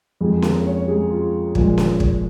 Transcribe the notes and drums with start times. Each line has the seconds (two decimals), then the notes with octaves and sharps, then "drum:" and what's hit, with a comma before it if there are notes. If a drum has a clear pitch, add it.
0.21 F2 F3 G#3 G#4
0.42 A#3 A#4, drum: snare C#4
0.65 C#4 C#5
0.88 G#3 G#4
1.10 F4
1.55 A#2 F3 G#3, drum: kick
1.78 drum: snare C#4
2.00 drum: kick